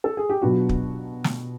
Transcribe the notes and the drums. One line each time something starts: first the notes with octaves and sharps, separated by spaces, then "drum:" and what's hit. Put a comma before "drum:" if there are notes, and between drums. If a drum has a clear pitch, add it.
A4
G#4
G4
B2 F#3 B3 D4 F4 F#4
drum: kick
drum: snare